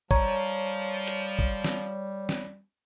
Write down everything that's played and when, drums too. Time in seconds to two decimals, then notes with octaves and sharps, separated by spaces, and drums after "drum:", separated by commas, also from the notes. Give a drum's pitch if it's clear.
0.11 F3 G3 C#5 A#5, drum: kick
1.07 drum: hi-hat
1.39 drum: kick
1.64 drum: snare
2.29 drum: snare